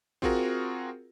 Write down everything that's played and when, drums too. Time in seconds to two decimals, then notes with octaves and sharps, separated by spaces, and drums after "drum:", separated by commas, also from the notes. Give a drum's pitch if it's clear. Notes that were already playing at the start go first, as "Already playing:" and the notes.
0.22 C4 F4 F#4 G#4 A#4, drum: kick